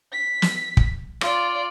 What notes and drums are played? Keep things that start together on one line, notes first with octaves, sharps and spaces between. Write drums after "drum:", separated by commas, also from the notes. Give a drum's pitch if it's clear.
B6
drum: snare
drum: kick
F4 D5, drum: rim click